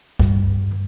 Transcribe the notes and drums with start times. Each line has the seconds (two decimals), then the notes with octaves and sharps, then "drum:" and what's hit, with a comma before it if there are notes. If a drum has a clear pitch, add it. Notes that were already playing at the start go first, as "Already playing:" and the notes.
0.20 G2, drum: kick